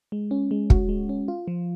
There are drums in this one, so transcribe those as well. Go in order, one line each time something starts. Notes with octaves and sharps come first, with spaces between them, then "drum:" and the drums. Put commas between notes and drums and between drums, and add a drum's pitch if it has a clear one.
G#3
C#4
G#3
F#4, drum: kick
G#3
C#4
F4
F3